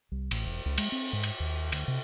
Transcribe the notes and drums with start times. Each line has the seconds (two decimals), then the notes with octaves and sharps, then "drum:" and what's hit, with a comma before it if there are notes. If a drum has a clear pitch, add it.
0.12 C2
0.31 A1, drum: cymbal
0.45 E1
0.66 C#2
0.78 G#3, drum: cymbal
0.92 C4
1.13 G#2
1.23 drum: cymbal
1.40 D#2
1.72 D2, drum: cymbal
1.88 C3